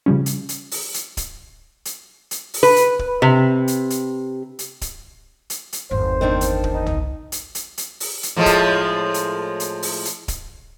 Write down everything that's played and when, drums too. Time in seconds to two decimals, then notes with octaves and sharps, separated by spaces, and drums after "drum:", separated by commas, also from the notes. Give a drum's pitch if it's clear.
0.06 C#3 F3 G3 C#4
0.26 drum: hi-hat
0.49 drum: hi-hat
0.71 drum: open hi-hat
0.94 drum: hi-hat
1.17 drum: kick D1, hi-hat
1.85 drum: hi-hat
2.31 drum: hi-hat
2.54 drum: open hi-hat
2.63 B4
2.76 drum: hi-hat
2.99 drum: kick D1
3.22 C3
3.68 drum: hi-hat
3.90 drum: hi-hat
4.59 drum: hi-hat
4.81 drum: kick D1, hi-hat
5.50 drum: hi-hat
5.73 drum: hi-hat
5.91 G1 E2 C5
6.21 D#3 C4 D4
6.41 drum: hi-hat
6.64 drum: kick D1
6.73 D#4
6.86 drum: tom
7.32 drum: hi-hat
7.55 drum: hi-hat
7.78 drum: hi-hat
8.00 drum: open hi-hat
8.23 drum: hi-hat
8.36 A2 F3 G#3
8.46 drum: kick D1, hi-hat
9.14 drum: hi-hat
9.60 drum: hi-hat
9.83 drum: open hi-hat
10.05 drum: hi-hat
10.28 drum: kick D1, hi-hat